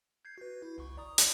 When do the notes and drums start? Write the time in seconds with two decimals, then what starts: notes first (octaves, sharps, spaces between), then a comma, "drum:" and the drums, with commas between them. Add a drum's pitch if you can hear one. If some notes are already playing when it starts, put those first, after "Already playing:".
0.25 G6 G#6 C7
0.38 F#4 B4
0.62 E4
0.78 G1 C2 C#6
0.97 D5 A#5 D#6
1.18 drum: hi-hat